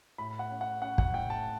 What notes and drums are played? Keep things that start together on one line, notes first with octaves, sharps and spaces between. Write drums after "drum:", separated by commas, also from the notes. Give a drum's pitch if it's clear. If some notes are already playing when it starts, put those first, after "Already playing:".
A2 B5
F#5
C#4
F#5
C#4 F#5
F#5, drum: kick
A2 G5
A5